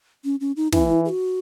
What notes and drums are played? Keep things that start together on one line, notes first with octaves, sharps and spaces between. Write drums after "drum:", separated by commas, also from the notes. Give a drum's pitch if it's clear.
C#4
C#4
D#4
E3 E4, drum: snare
E4
G#4
F#4